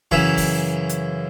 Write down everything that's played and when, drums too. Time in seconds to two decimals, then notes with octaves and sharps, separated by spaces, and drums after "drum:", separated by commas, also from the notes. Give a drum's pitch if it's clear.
0.11 F#2 C#3 E3 E4, drum: kick
0.37 drum: kick, open hi-hat
0.89 drum: hi-hat